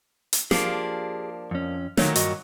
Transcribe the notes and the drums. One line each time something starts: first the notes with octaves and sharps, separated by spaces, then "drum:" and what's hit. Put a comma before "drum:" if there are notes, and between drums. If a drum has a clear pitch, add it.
drum: hi-hat
F3 A#3 D4 G4 G#4, drum: snare
F2 C#4
A#2 D#3 F#3 A3 C#5, drum: snare
G2 F#4 D#5, drum: hi-hat